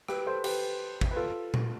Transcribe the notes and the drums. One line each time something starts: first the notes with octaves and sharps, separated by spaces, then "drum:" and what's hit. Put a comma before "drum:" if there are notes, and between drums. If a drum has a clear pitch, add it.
G4 B4, drum: rim click
A4 C5
G4 B4, drum: cymbal
drum: kick
B4
F4 A4
drum: tom A#2